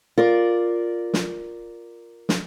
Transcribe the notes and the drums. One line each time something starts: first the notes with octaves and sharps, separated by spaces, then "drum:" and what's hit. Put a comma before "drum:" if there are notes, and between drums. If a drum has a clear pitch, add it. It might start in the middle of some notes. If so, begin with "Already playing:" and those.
F4 A#4 D5
drum: snare
drum: snare